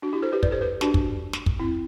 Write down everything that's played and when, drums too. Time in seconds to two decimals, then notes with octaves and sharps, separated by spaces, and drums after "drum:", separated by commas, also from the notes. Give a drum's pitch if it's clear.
0.02 D4 F#4
0.13 E4 G4
0.22 A4 C5
0.32 G4 B4
0.43 B4 D5, drum: kick
0.51 A4 C5
0.61 G4 B4
0.81 D4 F#4, drum: snare
0.94 drum: kick
1.33 drum: snare
1.46 drum: kick
1.60 C4 E4